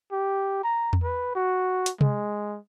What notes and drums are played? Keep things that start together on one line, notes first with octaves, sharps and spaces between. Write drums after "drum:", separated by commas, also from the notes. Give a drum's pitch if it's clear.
G4
A#5
drum: tom E2
B4
F#4
drum: hi-hat
G#3, drum: tom C3